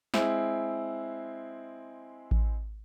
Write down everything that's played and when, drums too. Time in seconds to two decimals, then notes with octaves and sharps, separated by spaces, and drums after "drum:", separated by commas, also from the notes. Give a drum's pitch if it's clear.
0.14 G#3 C4 E4, drum: snare
2.31 drum: kick A1